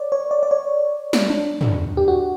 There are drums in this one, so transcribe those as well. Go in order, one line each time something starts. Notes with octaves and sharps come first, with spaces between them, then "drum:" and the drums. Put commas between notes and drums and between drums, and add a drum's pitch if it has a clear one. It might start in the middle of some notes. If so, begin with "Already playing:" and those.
Already playing: C#5 D5
C#5
D5
D5
C#5
drum: snare
D4
drum: tom
G4
F#4